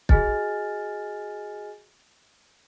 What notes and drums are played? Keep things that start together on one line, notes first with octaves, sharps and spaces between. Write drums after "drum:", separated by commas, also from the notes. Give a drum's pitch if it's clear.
F#4 G#4 D#5 G#5 F6 A6, drum: kick